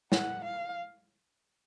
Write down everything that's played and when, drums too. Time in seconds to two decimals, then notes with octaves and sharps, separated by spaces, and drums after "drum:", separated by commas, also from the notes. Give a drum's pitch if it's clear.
0.12 F#5, drum: snare
0.44 F5